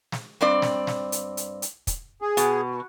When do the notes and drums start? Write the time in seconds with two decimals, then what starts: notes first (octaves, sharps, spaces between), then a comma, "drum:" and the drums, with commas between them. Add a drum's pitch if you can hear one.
0.12 drum: snare
0.41 G2 C4 D5
0.62 drum: snare
0.87 drum: snare
1.12 drum: hi-hat
1.37 drum: hi-hat
1.62 drum: hi-hat
1.87 drum: kick, hi-hat
2.22 G#4
2.37 B2, drum: hi-hat